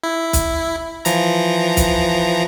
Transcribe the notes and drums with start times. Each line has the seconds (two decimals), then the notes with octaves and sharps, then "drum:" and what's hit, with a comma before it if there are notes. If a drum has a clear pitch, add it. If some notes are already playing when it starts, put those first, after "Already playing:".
0.04 E4
0.33 drum: kick, hi-hat
1.05 E3 F3 A#5, drum: hi-hat
1.77 drum: kick, hi-hat